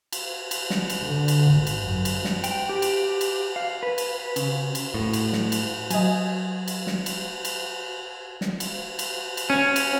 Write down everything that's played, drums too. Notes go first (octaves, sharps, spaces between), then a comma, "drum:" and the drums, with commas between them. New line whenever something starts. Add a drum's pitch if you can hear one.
drum: cymbal
drum: cymbal
drum: snare
drum: cymbal
D3
drum: cymbal
G#1
drum: cymbal
F#2
drum: cymbal
drum: snare
G5, drum: cymbal
G4
drum: cymbal
drum: cymbal
F5
B4
drum: cymbal
C#3, drum: cymbal
drum: cymbal
A2
drum: cymbal
drum: snare
drum: cymbal
F#3 D#5 G#5, drum: cymbal
drum: cymbal
drum: snare
drum: cymbal
drum: cymbal
drum: snare
drum: cymbal
drum: cymbal
drum: cymbal
C#4
drum: cymbal